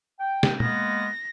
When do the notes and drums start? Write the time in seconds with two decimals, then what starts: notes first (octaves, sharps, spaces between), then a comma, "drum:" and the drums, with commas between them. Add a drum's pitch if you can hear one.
0.20 G5
0.43 drum: snare
0.60 G#3 A#3 B3 A#6, drum: tom